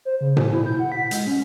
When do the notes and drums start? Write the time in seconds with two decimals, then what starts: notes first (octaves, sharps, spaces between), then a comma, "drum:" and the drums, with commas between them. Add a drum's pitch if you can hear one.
0.05 C5
0.21 C#3
0.37 A2, drum: tom B2
0.53 E4
0.66 G6
0.79 F#5
0.92 B6
1.11 G#3, drum: hi-hat
1.27 C#4